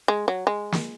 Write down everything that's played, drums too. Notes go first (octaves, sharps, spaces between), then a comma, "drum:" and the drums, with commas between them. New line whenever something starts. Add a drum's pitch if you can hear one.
G#3
F#3
G#3
drum: snare